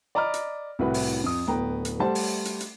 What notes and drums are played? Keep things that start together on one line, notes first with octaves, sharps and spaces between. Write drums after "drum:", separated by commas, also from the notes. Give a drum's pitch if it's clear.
D5 D#5 A#5 B5 D6 F6
drum: hi-hat
C2 A2 F#4 B4
drum: open hi-hat
F2 D#6
D1 B3 G5 A#5
drum: hi-hat
G3 A3 C5 F#5 A5
drum: open hi-hat
drum: hi-hat
drum: hi-hat